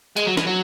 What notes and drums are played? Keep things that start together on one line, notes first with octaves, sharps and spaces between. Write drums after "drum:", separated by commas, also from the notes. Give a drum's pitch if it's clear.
G#3, drum: hi-hat
F#3
E3, drum: snare
F#3